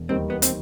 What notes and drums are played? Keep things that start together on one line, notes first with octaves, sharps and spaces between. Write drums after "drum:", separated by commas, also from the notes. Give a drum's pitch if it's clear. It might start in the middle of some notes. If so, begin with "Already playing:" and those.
Already playing: E1
D#2 D#3 G3 C4
B3
C4, drum: hi-hat